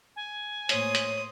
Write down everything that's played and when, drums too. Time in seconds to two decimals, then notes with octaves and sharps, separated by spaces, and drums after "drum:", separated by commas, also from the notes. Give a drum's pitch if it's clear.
0.16 G#5
0.69 A2 A#3 C5 C#5 D#6, drum: hi-hat
0.95 drum: hi-hat